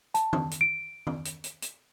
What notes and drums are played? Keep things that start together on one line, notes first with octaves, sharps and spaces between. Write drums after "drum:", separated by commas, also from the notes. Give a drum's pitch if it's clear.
A5, drum: hi-hat
drum: tom D#3
drum: hi-hat
D7
drum: tom D#3
drum: hi-hat
drum: hi-hat
drum: hi-hat